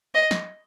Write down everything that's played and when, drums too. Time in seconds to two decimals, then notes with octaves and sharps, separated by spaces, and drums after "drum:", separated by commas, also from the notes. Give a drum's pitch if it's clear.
0.14 D#5
0.31 drum: snare